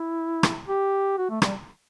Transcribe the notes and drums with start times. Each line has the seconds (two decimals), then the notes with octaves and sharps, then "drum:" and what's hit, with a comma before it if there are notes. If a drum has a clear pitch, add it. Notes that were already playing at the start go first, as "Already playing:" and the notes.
Already playing: E4
0.43 drum: rim click
0.68 G4
1.17 F#4
1.30 A3
1.42 G3, drum: rim click